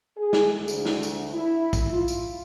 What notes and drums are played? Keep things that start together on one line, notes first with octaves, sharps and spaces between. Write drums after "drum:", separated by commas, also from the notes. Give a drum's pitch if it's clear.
G#4
drum: snare
D2
drum: tambourine
drum: snare
drum: tambourine
E4
drum: kick, tambourine
F4
drum: tambourine